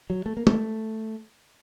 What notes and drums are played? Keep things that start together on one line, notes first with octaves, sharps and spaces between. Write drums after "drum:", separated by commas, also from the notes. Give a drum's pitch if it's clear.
F#3
A3
A#3
A3, drum: tom